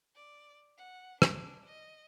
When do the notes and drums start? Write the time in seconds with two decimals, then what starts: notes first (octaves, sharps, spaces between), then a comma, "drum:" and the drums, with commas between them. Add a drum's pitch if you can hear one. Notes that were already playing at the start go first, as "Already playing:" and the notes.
0.15 D5
0.78 F#5
1.22 D4, drum: rim click
1.66 D#5